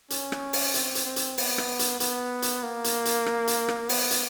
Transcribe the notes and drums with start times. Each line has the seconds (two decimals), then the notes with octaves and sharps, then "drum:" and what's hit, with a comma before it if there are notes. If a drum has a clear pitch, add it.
0.10 C#4, drum: hi-hat
0.32 drum: rim click
0.53 drum: open hi-hat
0.74 C4, drum: hi-hat
0.95 drum: hi-hat
1.06 C4
1.16 drum: hi-hat
1.38 B3, drum: open hi-hat
1.58 drum: rim click
1.79 drum: hi-hat
2.00 B3, drum: hi-hat
2.42 drum: hi-hat
2.63 A#3
2.84 drum: hi-hat
3.05 drum: hi-hat
3.26 drum: rim click
3.47 drum: hi-hat
3.68 drum: rim click
3.89 B3, drum: open hi-hat
4.11 drum: hi-hat